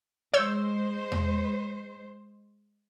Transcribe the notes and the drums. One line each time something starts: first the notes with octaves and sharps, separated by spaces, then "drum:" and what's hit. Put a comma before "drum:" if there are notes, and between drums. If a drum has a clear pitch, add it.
G#3 C5 C#5 E6 G6
drum: tom E2